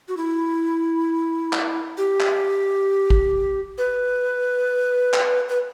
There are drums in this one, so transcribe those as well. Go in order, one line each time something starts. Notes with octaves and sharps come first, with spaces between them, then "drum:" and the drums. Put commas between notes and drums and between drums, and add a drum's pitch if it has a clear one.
F#4
E4
drum: clap
G4
drum: clap
drum: kick
B4
drum: clap
B4